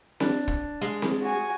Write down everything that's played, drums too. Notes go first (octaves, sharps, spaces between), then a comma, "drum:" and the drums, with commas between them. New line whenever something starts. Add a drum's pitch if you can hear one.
D4, drum: snare C4
drum: kick
G#3
drum: snare C4
F#4 G#5